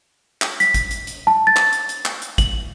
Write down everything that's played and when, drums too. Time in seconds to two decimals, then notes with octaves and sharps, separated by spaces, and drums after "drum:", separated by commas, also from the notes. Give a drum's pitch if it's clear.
0.42 drum: clap
0.60 B6, drum: hi-hat
0.74 drum: kick, hi-hat
0.91 drum: hi-hat
1.07 drum: hi-hat
1.27 A5
1.47 A6
1.56 drum: clap
1.73 drum: hi-hat
1.89 drum: hi-hat
2.05 drum: clap
2.22 drum: hi-hat
2.38 F#7, drum: kick, hi-hat